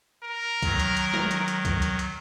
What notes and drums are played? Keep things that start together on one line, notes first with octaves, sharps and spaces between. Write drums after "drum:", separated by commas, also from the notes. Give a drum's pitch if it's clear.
A#4
D#3 F#3, drum: kick C#2, hi-hat
drum: hi-hat
drum: hi-hat
drum: snare
drum: hi-hat
drum: hi-hat
drum: kick C#2, hi-hat
drum: hi-hat
drum: hi-hat